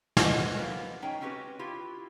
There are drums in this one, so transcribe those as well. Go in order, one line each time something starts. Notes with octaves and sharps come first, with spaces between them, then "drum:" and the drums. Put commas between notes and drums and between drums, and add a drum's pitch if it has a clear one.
A4 B4 C5 D#5 F#5, drum: snare
A#3 B3 G4 A#4
G#3 C#4 D#4 G#4 C#5 G5
C4 C#4 F#4 G4 A4 B4
E4 F4 G4